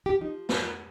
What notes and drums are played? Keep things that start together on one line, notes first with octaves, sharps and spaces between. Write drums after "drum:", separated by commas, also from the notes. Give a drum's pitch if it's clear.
F3 G4
F3 D#4
drum: snare